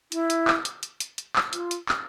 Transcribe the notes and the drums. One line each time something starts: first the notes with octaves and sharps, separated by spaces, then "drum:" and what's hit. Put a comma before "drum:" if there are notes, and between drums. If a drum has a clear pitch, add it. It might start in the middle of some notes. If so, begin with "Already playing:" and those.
E4, drum: hi-hat
drum: hi-hat
drum: clap
drum: hi-hat
drum: hi-hat
drum: hi-hat
drum: hi-hat
drum: clap
F4, drum: hi-hat
drum: hi-hat
drum: clap